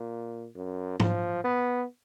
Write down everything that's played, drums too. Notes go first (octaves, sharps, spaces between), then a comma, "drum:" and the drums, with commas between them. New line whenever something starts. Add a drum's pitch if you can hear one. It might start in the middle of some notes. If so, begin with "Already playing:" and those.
Already playing: A#2
F#2
F3, drum: tom G#2
B3